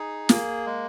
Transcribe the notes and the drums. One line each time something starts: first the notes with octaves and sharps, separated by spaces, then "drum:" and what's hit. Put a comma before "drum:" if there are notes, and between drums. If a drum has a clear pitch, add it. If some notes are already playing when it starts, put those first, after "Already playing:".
Already playing: D#4 G#4
A#3, drum: snare
G#3